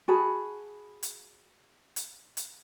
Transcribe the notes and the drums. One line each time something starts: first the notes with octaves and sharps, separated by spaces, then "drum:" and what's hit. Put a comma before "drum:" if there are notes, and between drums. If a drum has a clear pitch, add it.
F#4 G#4 A5 B5
drum: hi-hat
drum: hi-hat
drum: hi-hat